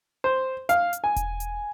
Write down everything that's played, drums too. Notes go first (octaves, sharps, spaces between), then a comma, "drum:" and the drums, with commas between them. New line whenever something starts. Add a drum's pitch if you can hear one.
C5
F5, drum: hi-hat
drum: hi-hat
G#5
drum: kick E1, hi-hat
drum: hi-hat